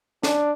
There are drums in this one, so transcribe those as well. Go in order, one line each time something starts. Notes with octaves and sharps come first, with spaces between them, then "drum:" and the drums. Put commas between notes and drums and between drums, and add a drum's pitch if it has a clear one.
D4, drum: snare